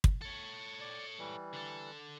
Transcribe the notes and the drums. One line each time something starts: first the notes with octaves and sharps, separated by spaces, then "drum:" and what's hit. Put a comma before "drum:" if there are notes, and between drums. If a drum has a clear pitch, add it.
drum: kick
A4 C#5
D5
E3 G3
D3 A4